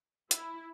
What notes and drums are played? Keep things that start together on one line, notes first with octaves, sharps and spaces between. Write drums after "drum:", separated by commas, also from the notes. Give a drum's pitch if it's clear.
E4, drum: hi-hat